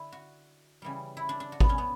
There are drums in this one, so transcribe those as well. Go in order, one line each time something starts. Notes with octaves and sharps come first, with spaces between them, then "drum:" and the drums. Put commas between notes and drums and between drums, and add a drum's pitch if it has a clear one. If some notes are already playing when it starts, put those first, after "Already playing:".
Already playing: D3 D4 E4
F#4
C#3 E3 G3
E4
D4
D4
F#4
B3, drum: kick G#1
C#4
B3